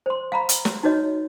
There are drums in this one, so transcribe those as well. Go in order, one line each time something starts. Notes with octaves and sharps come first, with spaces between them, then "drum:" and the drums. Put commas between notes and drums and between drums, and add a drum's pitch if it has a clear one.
C5 C6
F5 A#5 B5
drum: hi-hat
drum: snare
D#4 F#4 B4 C#5 D#5